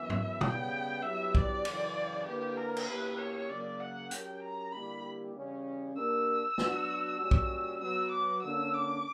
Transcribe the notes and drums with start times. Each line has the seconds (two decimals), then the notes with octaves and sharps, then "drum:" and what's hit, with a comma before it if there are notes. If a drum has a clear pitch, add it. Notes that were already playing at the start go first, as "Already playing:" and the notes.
Already playing: F#2 E3 B3 E5
0.10 drum: tom G#2
0.41 C#3 G3 B3 G5, drum: tom
1.03 G2 F#3 B3 E4 G4 E5
1.35 D5, drum: kick
1.65 F#2 C#3 E3, drum: cymbal
2.26 D3 A#3 E4 G4 B4
2.57 A#4
2.76 drum: cymbal
2.88 B2 A#3 C#4 E4 G4 B4
3.18 C#5
3.49 C#3 F#3 A#3 D5
3.80 F#5
4.11 F#3 C#4 G4 A#4 G5, drum: hi-hat
4.42 A#5
4.73 D3 G3 A#3 E4 G4 B5
5.35 E2 C#3 G3 C#4
5.96 A#2 A#3 D4 G4 A#4 E6
6.58 F#3 B3 D4 F#4, drum: snare
7.19 A#2 G3 C#4 F#4
7.31 drum: kick
7.81 F#3 B3 F#4 E6
8.12 D6
8.43 D3 A#3 C#4 E6
8.74 D6